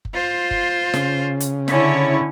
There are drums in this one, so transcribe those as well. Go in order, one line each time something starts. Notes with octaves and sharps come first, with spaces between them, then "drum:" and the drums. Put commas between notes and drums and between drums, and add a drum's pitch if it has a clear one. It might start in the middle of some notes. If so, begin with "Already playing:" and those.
drum: kick F#1
F4 C5
drum: kick F#1
C#3, drum: snare
drum: hi-hat
D3 C#4 E4 C#5, drum: snare